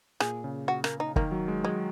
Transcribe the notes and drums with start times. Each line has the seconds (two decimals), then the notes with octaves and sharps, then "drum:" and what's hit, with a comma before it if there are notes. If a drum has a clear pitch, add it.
0.20 A#2 G#4, drum: rim click
0.44 C#3
0.68 F#4
0.84 A#3, drum: rim click
1.00 D#4
1.16 D#3 A#3, drum: kick
1.31 F#3
1.48 G#3
1.64 F#3 G#3